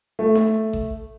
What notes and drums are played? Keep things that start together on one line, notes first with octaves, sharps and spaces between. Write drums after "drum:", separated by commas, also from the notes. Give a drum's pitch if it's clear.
A3
drum: snare D#4
drum: kick A1